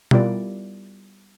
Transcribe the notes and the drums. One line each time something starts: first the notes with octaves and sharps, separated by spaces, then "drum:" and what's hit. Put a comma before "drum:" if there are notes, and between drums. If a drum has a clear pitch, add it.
G3 B3 E4 F4 A#4 D5, drum: tom B2